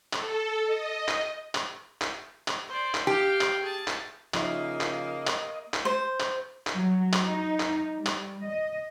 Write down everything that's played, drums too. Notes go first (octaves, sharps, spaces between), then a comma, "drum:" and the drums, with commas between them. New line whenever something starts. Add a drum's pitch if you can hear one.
A4, drum: clap
D#5
drum: clap
drum: clap
drum: clap
drum: clap
C5 D5
drum: clap
G4 F5 G5
drum: clap
G#4 A5
drum: clap
C#3 F3 A#3 D#4 D#5 E5, drum: clap
drum: clap
drum: clap
drum: clap
C5
drum: clap
drum: clap
F#3
drum: clap
D#4
drum: clap
G3
drum: clap
D#5